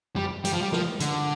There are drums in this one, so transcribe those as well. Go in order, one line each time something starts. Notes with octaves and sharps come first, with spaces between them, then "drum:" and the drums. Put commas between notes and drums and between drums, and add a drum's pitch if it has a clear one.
G3, drum: tom F#2
G3, drum: hi-hat
F3
G3
F3, drum: snare
D3, drum: hi-hat